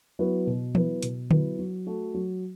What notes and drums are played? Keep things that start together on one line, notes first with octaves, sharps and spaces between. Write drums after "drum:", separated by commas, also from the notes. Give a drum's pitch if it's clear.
F#3 B3 E4 B4
B2
F#3 B3 E4 B4, drum: tom E3
B2, drum: hi-hat
F#3 B3 E4 B4, drum: tom D3
F#3
A3 F#4 A4
F#3